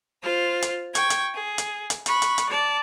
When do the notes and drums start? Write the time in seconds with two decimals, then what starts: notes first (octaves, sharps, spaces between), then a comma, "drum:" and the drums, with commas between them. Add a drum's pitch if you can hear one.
0.22 F4 C5 F6
0.62 drum: hi-hat
0.95 G5 C#6 G#6, drum: hi-hat
1.10 drum: hi-hat
1.34 G#4
1.58 drum: hi-hat
1.90 drum: hi-hat
2.06 B5 C#6 F#6, drum: hi-hat
2.22 drum: hi-hat
2.38 drum: hi-hat
2.49 D5 A5